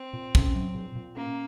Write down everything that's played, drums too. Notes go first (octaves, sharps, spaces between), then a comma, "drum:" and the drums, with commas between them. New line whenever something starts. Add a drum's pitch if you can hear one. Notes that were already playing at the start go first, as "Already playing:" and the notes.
Already playing: C4
A#2
C#4, drum: kick
F#3
A#2
A#2
A#3 C#4